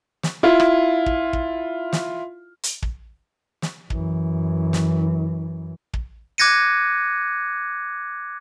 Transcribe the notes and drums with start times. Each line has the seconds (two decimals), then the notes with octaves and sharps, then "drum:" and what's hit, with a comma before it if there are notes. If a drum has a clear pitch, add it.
0.23 drum: snare
0.43 E4 F4
0.60 drum: rim click
1.06 drum: kick
1.33 drum: kick
1.93 drum: snare
2.63 drum: hi-hat
2.82 drum: kick
3.62 drum: snare
3.90 F#2 E3, drum: kick
4.73 drum: snare
5.94 drum: kick
6.38 D6 F#6 G#6 A#6 C#7 D#7